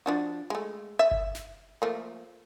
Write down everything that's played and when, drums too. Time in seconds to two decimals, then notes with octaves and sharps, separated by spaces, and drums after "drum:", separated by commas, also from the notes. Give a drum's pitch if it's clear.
0.06 F3 D4 F#4
0.50 G#3 A3
0.99 E5
1.11 drum: kick G1
1.35 drum: snare
1.82 F3 A3 A#3